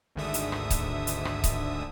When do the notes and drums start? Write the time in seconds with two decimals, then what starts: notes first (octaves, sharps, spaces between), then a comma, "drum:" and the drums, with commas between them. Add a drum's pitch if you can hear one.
0.16 G#1 D2 G#2 D3 E5 D#6
0.34 drum: hi-hat
0.52 drum: rim click
0.70 drum: kick C#1, hi-hat
1.07 drum: hi-hat
1.25 drum: rim click
1.44 drum: kick C#1, hi-hat